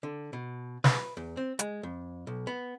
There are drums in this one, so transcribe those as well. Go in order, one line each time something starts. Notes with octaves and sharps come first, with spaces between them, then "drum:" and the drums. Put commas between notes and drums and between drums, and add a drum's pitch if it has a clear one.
D3
B2
B4, drum: snare
E2
C4
G#3, drum: hi-hat
F2
B1
B3